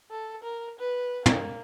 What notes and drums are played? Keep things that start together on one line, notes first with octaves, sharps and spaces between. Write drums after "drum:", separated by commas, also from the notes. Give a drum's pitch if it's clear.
A4
A#4
B4
A#3, drum: tom